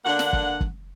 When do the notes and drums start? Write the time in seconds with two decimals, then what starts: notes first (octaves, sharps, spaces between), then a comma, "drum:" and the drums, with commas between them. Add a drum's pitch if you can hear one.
0.05 D3 A#3 D4 F#5
0.19 drum: snare
0.33 drum: kick
0.61 drum: kick